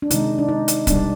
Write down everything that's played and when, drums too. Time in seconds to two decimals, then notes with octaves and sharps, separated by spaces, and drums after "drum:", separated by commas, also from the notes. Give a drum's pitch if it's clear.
0.02 D4
0.10 C3 D#3 G#3 D#4, drum: hi-hat
0.38 D4
0.49 D#4
0.68 drum: hi-hat
0.87 B2 G3 B3 D4, drum: kick C#1, hi-hat